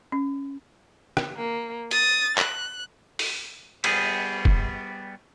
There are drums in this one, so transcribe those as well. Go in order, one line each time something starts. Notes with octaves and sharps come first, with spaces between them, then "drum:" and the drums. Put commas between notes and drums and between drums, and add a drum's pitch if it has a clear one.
C#4
drum: rim click
A#3
D#6 A6, drum: hi-hat
F#6, drum: clap
drum: open hi-hat
G3 B3 G#4, drum: cymbal
drum: kick